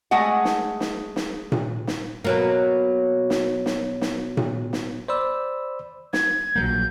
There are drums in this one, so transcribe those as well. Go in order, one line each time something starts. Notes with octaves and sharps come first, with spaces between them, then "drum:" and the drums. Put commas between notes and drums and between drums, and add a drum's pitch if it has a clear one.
G#3 A3 D#5 F#5
drum: snare
drum: snare
drum: snare
drum: tom A#2
drum: snare
B2 F#3 A#3
drum: snare
drum: snare
drum: snare
drum: tom A#2
drum: snare
C5 D5 B5 E6
G#6, drum: snare
A#1 F#3 A#3 G6